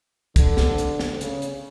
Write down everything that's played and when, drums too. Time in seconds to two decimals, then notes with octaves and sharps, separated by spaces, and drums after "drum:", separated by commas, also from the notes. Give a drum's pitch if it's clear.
0.36 D3, drum: kick, hi-hat
0.57 drum: snare
0.78 drum: hi-hat
0.99 drum: snare
1.21 C#3, drum: hi-hat
1.42 drum: hi-hat